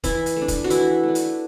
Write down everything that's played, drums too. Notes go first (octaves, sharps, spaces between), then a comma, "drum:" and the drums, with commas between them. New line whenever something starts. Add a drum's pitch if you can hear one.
E3 E4, drum: kick, hi-hat
drum: hi-hat
A3 D4
drum: kick, hi-hat
F#4
E3 E4, drum: hi-hat
A3 D4
drum: hi-hat